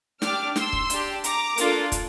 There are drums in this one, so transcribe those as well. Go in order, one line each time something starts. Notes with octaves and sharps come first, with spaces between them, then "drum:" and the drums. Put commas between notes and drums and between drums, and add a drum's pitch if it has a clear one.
D4 G4 D6 F6, drum: snare
C6 E6, drum: snare
drum: kick
D4 G4, drum: hi-hat
A#5 D6, drum: hi-hat
A#3 D4 F4 A4, drum: hi-hat
drum: kick, hi-hat